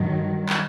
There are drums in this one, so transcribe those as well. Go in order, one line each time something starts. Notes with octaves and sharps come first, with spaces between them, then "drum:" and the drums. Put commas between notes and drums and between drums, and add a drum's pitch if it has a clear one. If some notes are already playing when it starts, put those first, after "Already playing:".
Already playing: G2 D#3 F#3
drum: clap